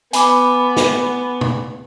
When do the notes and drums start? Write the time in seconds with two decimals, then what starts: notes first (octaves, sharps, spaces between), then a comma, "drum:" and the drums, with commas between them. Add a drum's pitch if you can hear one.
0.13 B3 G#5 B5 D6, drum: hi-hat
0.76 drum: snare
1.41 drum: tom